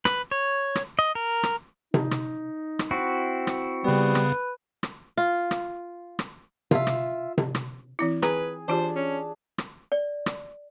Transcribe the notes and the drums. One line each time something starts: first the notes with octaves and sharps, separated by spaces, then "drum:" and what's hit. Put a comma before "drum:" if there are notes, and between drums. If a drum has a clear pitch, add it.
B4, drum: rim click
C#5
drum: rim click
D#5
A#4
drum: rim click
D#4, drum: tom C3
drum: rim click
drum: rim click
C4 E4 F#4
drum: rim click
C#3 G3 B3 B4
drum: rim click
drum: rim click
F4
drum: rim click
drum: rim click
F4 E5, drum: tom C3
drum: rim click
drum: tom C3
drum: rim click
E3 C4 E4
G#4 B4 A#5, drum: rim click
E3 D4 F4 G4 C5
C#4
drum: rim click
D5
drum: rim click